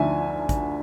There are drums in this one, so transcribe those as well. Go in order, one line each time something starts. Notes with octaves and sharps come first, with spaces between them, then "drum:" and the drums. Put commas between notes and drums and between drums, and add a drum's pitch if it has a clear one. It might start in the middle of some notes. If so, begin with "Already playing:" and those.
Already playing: D2 D3 F3 E5 G#5
drum: kick, hi-hat